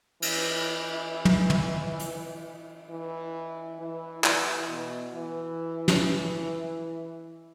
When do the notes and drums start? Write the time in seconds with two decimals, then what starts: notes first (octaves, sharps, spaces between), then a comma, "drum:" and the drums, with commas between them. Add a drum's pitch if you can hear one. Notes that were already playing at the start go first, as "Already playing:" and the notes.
0.22 E3, drum: cymbal
1.25 drum: tom
1.50 drum: tom
2.00 drum: hi-hat
2.90 E3
3.79 E3
4.24 E3, drum: clap
4.68 B2
5.13 E3
5.88 drum: snare